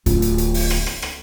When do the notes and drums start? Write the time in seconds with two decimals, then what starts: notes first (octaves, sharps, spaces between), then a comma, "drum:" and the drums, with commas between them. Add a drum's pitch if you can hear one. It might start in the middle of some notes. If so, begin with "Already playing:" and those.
0.06 D1 F4, drum: hi-hat
0.22 drum: hi-hat
0.38 drum: hi-hat
0.54 drum: open hi-hat
0.70 drum: rim click
0.86 drum: rim click
1.02 drum: rim click